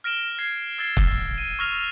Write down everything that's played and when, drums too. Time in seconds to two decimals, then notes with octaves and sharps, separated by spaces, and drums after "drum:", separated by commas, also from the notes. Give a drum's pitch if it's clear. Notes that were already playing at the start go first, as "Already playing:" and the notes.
0.04 F6 A#6 D7 E7 G7
0.39 G#6 C7
0.78 E6 G#6 A6 C7
0.97 E6, drum: kick
1.38 D#7
1.59 C#6 E6 F6 A#6 F7